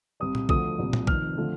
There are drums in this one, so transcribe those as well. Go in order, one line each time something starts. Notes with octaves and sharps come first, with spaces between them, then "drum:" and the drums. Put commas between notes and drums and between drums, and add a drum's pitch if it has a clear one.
C2 C3 G3 D#6
drum: tom A#2
D2 D3 F3 A3 D#6, drum: kick A#1
C2 A#2 G3
drum: tom A#2
F1 F2 D#3 F6, drum: kick A#1
D3 F3 A3